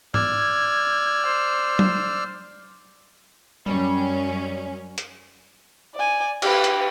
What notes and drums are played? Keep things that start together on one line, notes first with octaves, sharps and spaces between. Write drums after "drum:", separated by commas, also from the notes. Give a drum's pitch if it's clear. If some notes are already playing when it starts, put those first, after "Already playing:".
D5 E6 F6 G#6, drum: tom G#2
C5
drum: tom F#3
F#2 G3 C#4
drum: hi-hat
D5 G#5
G4 B4, drum: cymbal
drum: hi-hat